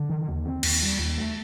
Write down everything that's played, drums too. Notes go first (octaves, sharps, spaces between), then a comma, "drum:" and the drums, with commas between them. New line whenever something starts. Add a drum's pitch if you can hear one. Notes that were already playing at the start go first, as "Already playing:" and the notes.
Already playing: D3
D#3
D#2
C4
D#2, drum: cymbal
G3
D#2
A3